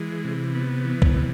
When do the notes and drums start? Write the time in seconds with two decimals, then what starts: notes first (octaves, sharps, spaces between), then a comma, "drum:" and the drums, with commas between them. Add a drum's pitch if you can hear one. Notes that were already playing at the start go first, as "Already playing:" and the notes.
Already playing: E3 G#3
0.24 C3
0.55 B3
0.85 E3
1.02 drum: kick C2
1.15 C3